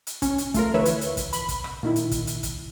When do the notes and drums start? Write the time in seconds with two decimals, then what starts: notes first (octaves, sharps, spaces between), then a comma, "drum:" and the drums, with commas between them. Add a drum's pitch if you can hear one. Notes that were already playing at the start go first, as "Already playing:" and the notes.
0.07 drum: hi-hat
0.22 C#4, drum: kick, hi-hat
0.38 drum: hi-hat
0.54 A3 F4 A#4, drum: kick, hi-hat
0.74 D2 E3 B4 C#5 E5
0.85 drum: hi-hat
1.01 drum: hi-hat
1.17 drum: kick, hi-hat
1.33 B5, drum: hi-hat
1.48 drum: kick, hi-hat
1.64 drum: rim click
1.83 A#2 D#3 E4
1.96 drum: hi-hat
2.11 drum: kick, hi-hat
2.27 drum: hi-hat
2.43 drum: kick, hi-hat